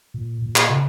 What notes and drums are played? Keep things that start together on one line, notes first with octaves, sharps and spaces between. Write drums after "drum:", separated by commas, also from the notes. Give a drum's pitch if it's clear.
A#2
A#2
drum: clap
C#3